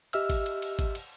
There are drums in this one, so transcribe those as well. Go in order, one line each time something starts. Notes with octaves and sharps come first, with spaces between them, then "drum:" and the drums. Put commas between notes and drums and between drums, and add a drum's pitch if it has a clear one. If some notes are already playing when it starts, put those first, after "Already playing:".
G4 D#5 E5 E6 F6, drum: cymbal
drum: kick G#1, cymbal
drum: cymbal
drum: cymbal
drum: kick G#1, cymbal
drum: cymbal